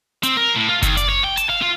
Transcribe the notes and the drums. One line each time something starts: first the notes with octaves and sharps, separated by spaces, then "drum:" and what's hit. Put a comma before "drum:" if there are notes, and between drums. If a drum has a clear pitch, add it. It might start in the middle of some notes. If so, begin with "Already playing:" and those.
C4, drum: hi-hat
A#4
A2
F4
D#2, drum: kick F#1, hi-hat
D5, drum: hi-hat
C#5
G5
A5, drum: hi-hat
F5
F4